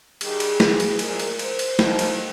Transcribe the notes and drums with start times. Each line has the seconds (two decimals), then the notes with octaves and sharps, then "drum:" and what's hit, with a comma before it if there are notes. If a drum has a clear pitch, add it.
0.21 G2 D#3 G3 G#4, drum: cymbal
0.40 drum: cymbal
0.60 drum: snare
0.80 drum: cymbal
0.99 A#2 F3 G#3 A#4, drum: cymbal
1.20 drum: cymbal
1.39 C5, drum: cymbal
1.59 drum: cymbal
1.79 F2 D#3 G#3, drum: snare
1.99 drum: cymbal